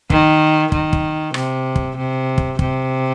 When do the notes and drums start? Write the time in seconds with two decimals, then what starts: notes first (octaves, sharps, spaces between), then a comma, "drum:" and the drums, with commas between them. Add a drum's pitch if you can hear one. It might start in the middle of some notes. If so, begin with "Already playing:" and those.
0.10 D#3, drum: kick
0.72 D#3, drum: kick
0.93 drum: kick
1.34 C3, drum: rim click
1.76 drum: kick
1.96 C3
2.38 drum: kick
2.59 C3, drum: kick